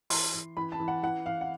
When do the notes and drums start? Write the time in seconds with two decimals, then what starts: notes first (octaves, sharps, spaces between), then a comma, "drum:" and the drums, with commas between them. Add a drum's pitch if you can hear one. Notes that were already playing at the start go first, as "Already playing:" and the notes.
0.10 E3 C6, drum: open hi-hat
0.34 E3
0.57 E3 B5
0.72 A5
0.80 E3
0.88 F#5
1.03 E3 F#5
1.26 E3 F5
1.41 F#5